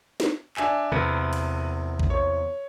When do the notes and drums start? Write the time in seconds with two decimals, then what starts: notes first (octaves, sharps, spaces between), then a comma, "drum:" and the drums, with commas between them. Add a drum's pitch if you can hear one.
0.20 drum: snare
0.57 D4 E5 G#5, drum: clap
0.92 E2 C3 B4
1.33 drum: cymbal
2.00 drum: kick A#1
2.10 C#5